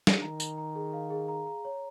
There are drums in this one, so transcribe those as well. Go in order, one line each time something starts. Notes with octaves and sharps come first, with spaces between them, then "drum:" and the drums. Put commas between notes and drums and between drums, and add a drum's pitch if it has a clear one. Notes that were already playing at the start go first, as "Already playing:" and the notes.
drum: snare
D#3 A#5
A#5, drum: tambourine
A#5
G#4
F5
G#4
A#5
A#5
C#5